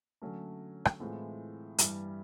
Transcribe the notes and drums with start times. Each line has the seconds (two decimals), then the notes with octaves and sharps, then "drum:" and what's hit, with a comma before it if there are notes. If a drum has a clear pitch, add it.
0.22 D3 F#3 A3 C#4
0.85 drum: rim click
1.00 A2 E3 G#3 C4 F4
1.78 G2 E3 G3, drum: hi-hat